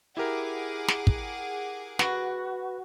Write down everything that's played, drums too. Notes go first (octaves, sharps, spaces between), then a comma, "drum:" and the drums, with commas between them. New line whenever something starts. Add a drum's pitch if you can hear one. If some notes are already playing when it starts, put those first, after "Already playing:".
E4 G4 G#4 A#4 F#5 D6
drum: snare
drum: kick
F#4 B4, drum: snare